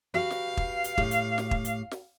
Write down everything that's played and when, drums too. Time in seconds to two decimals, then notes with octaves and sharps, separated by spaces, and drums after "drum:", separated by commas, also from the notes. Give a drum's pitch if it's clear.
0.14 F#4 G4 B4 F5
0.31 drum: snare
0.57 drum: kick
0.84 drum: hi-hat
0.98 A2 G4, drum: kick
1.11 drum: hi-hat
1.38 drum: snare
1.51 drum: kick
1.65 drum: hi-hat
1.91 drum: snare